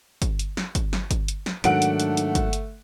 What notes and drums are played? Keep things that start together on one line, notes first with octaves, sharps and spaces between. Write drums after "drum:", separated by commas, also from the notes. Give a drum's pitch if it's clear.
drum: kick G1, hi-hat
drum: hi-hat
drum: snare
drum: kick G1, hi-hat
drum: snare
drum: kick G1, hi-hat
drum: hi-hat
drum: snare
G#2 D#3 F#3 A3 D4 F#5 D7, drum: hi-hat
drum: hi-hat
drum: hi-hat
drum: hi-hat
drum: kick G1, hi-hat
drum: hi-hat